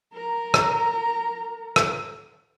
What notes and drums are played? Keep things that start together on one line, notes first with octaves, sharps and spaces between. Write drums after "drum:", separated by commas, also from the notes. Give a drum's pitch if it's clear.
A#4 A#5
drum: rim click
drum: rim click